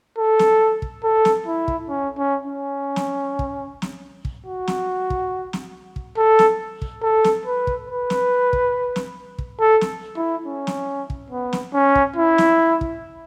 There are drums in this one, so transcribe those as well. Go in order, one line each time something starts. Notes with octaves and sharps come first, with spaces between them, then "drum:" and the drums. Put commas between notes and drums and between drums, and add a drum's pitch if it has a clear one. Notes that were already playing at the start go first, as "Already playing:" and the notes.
A4
drum: snare
drum: kick
A4
drum: snare
E4
drum: kick
C#4
C#4
C#4
drum: snare
drum: kick
drum: snare
drum: kick
F#4
drum: snare
drum: kick
drum: snare
drum: kick
A4
drum: snare
drum: kick
A4
drum: snare
B4
drum: kick
B4
drum: snare
drum: kick
drum: snare
drum: kick
A4
drum: snare
E4
C#4
drum: snare
drum: kick
B3
drum: snare
C#4
drum: kick
E4
drum: snare
drum: kick